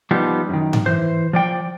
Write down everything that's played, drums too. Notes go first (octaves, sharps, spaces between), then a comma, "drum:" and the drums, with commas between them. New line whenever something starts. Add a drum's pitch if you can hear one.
F3 G3 B3 D#4
F#2 D#3
drum: tom G#2
E3 C5
F3 D5 G5